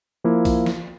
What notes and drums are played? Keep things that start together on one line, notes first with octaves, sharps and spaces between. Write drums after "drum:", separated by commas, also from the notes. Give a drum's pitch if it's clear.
F3 A#3 E4
drum: kick, open hi-hat
drum: snare